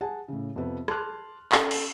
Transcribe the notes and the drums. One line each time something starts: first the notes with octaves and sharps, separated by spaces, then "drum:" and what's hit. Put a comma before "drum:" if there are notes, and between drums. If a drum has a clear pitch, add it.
G#4 F#5 G#5 A5
A2 C#3
F2 C3 B3
A5 C6 D6 F6 F#6, drum: rim click
C#4 A4, drum: clap
drum: cymbal